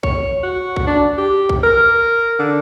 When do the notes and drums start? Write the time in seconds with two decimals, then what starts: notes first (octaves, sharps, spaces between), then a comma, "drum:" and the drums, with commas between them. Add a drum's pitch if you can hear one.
0.03 C#5, drum: kick
0.43 F#4
0.76 drum: kick
0.87 D4
1.18 G4
1.49 drum: kick
1.63 A#4
2.39 D3